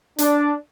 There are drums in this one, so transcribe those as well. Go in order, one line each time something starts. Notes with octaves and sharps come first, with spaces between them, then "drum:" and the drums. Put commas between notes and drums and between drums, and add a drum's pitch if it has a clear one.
D4, drum: hi-hat